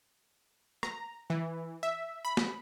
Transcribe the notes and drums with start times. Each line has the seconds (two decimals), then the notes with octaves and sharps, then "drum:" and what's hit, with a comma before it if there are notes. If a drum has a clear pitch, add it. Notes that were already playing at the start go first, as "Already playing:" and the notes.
0.83 A#5, drum: rim click
1.30 E3
1.83 E5
2.25 B5
2.37 drum: snare